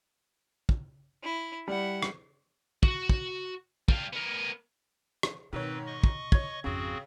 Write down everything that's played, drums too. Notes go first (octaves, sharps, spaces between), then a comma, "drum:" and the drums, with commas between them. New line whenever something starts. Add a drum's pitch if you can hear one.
drum: kick
E4
G3 E4 F#5
drum: rim click
F#4, drum: kick
drum: kick
G3 F5, drum: kick
B3 A#4
drum: rim click
G#2 B2 D#3 C4 B4 C#5
D#5 C#6
drum: kick
C#5 G#6, drum: kick
G#1 F2 C#3 C4 F#4 G#4